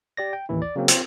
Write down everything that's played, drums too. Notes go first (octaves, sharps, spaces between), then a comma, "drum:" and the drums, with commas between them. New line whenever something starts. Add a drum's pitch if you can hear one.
G4 D5 A#6
G5
A1 D#2 E3 E4
D5
C#3 F#3 A#3 C4
C4 F4 C5, drum: hi-hat